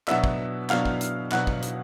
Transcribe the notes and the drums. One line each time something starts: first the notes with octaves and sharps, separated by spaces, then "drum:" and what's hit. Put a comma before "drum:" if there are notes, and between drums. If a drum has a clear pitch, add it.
B2 F#3 B3 D4 E5 E6, drum: clap
drum: kick
B2 F#3 B3 D4 F5 F6, drum: clap
drum: kick
drum: hi-hat
B2 F#3 B3 D4 F#5 F#6, drum: clap
drum: kick
drum: hi-hat